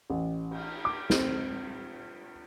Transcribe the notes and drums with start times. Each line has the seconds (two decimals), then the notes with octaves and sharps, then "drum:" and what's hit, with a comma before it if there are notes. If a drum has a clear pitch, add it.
0.10 A1
0.51 drum: cymbal
0.85 D6
1.10 C4, drum: snare